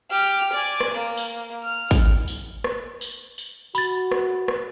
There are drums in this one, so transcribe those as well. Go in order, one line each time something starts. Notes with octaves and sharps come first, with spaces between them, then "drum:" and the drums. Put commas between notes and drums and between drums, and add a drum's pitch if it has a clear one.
G4 F6
D5 G#5
drum: rim click
A#3
drum: tambourine
F6
drum: kick, tambourine
drum: tambourine
drum: rim click
drum: tambourine
drum: tambourine
F#4 B5 A6, drum: tambourine
drum: rim click
drum: rim click